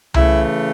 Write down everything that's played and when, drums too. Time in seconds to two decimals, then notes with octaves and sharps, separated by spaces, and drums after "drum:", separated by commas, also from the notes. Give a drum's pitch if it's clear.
0.14 C#3 E3 A3 E4, drum: tom C2